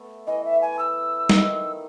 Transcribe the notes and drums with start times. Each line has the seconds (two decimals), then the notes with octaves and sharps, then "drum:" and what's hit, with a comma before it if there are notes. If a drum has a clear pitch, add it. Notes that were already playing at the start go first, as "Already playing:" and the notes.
Already playing: A3 B3
0.27 E3 D#5
0.44 E5
0.61 G#5
0.79 E6
1.29 D#3, drum: snare